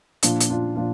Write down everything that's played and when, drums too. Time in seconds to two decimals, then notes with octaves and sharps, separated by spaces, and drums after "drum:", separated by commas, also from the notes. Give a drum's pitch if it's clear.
0.23 A#2 F3 D4 F4, drum: hi-hat
0.40 drum: hi-hat
0.50 D4 F4
0.76 A#2 F3 D4 F4